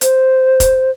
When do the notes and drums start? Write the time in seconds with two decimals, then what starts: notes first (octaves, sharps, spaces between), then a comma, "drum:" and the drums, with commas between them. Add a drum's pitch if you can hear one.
0.01 C5, drum: hi-hat
0.60 drum: kick F1, hi-hat